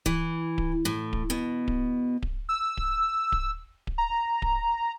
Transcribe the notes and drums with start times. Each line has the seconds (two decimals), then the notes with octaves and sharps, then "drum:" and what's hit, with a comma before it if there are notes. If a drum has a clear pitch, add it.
0.06 E3, drum: kick D1
0.58 drum: kick D1
0.85 A2
1.13 drum: kick D1
1.30 B2
1.68 drum: kick D1
2.22 drum: kick D1
2.49 E6
2.77 drum: kick D1
3.32 drum: kick D1
3.87 drum: kick D1
3.98 A#5
4.42 drum: kick D1